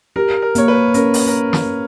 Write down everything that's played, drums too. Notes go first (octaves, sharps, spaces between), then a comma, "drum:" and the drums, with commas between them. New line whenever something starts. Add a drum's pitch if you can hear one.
G4 A#4
A#4
A#3 C#5, drum: hi-hat
B4
C#4 A#4, drum: hi-hat
drum: open hi-hat
A#4
drum: snare